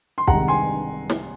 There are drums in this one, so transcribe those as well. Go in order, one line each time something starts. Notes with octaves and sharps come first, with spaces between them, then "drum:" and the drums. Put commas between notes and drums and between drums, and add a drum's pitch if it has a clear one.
C6
C2 C3 D#3 G#3 F#5 A#5, drum: kick
G#5 C6
drum: snare